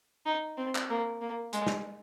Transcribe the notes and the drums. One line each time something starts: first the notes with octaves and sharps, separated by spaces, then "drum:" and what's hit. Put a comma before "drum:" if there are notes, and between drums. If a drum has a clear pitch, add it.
D#4
C4
drum: clap
A#3
A#3
G#3, drum: hi-hat
drum: snare